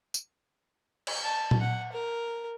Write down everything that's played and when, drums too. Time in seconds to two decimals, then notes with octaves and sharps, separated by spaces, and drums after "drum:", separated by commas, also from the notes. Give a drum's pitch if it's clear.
0.14 drum: tambourine
1.07 drum: cymbal
1.23 A5
1.51 drum: tom A#2
1.61 F#5
1.93 A#4